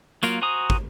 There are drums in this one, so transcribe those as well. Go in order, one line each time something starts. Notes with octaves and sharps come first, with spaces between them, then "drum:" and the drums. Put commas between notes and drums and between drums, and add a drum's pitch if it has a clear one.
F#3 A#3 F4 A#4, drum: tambourine
F#4 C5 G#5 A#5 D#6
drum: kick